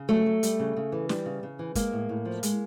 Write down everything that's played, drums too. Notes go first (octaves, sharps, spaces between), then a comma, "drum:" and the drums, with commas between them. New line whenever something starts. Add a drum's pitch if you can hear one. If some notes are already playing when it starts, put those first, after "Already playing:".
Already playing: C#3
F#3 A3
F#3
G3, drum: hi-hat
C#3
C#3
E3
G3, drum: snare
C#3
C#3
E3
G#3 A#3, drum: kick, hi-hat
A2
A2
F3
G#3, drum: hi-hat